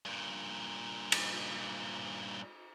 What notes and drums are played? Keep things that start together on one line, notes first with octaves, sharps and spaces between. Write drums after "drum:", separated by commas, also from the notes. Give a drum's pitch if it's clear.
G2 A#2
drum: cymbal